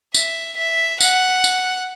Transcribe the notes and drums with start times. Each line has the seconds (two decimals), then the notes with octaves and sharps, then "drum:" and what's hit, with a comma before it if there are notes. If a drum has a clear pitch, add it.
0.14 E5, drum: tambourine
0.57 E5
1.00 F#5, drum: tambourine
1.44 drum: tambourine